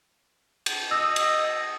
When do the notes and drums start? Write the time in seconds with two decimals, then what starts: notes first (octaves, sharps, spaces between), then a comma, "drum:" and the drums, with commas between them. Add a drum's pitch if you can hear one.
0.66 drum: cymbal
0.91 D#5 E6
1.16 drum: cymbal